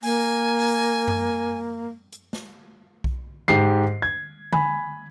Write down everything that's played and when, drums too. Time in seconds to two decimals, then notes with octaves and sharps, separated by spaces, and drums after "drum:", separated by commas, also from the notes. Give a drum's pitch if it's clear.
0.03 A#3 G#5, drum: open hi-hat
0.59 drum: open hi-hat
1.08 drum: tom F#2
2.13 drum: hi-hat
2.33 drum: snare
3.04 drum: kick B1
3.48 G#2 G4 C7, drum: tom D3
4.02 G#6
4.53 G#5 B5, drum: tom D3